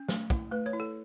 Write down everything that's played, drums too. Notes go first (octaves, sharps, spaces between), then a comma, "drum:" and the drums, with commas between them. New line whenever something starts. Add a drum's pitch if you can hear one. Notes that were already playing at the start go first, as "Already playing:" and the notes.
Already playing: C#4
A3, drum: snare
E4, drum: kick
A3 B4
C#5
E4
A4